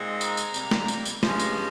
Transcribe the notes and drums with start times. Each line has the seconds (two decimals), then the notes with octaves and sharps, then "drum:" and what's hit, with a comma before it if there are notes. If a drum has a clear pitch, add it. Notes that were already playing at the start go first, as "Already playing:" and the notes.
Already playing: A#2 G#3 C4 D#4
0.21 A#5, drum: tambourine
0.37 drum: tambourine
0.54 C3 G3 A#3, drum: tambourine
0.71 drum: snare
0.88 drum: tambourine
1.05 drum: tambourine
1.23 G2 F3 G#3 C#4, drum: snare
1.39 drum: tambourine